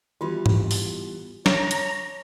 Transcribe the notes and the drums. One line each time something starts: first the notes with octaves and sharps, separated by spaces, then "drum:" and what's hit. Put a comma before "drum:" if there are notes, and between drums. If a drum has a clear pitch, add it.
E3 G3 B3 F4 F#4
drum: tom G#2
drum: open hi-hat
C#5 D5 A5 A#5, drum: snare
drum: hi-hat